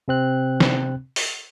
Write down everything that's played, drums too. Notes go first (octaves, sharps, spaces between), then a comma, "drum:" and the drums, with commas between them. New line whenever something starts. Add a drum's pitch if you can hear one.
C3 C4 F#6
drum: snare
drum: open hi-hat